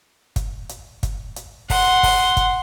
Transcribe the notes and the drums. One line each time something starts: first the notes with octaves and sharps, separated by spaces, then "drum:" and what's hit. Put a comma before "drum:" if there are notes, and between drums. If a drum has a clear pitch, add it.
drum: kick, hi-hat
drum: hi-hat
drum: kick, hi-hat
drum: hi-hat
F#5 C6, drum: kick, open hi-hat
drum: kick, open hi-hat
drum: kick, hi-hat